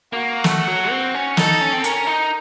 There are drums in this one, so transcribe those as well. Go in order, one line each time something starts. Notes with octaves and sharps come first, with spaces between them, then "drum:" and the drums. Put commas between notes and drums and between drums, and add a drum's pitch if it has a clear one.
A#3 F#4
A3, drum: snare
F#3
C4
C#4
D#4 A4, drum: snare
C#4
C4
C#4 A#4, drum: hi-hat
D#4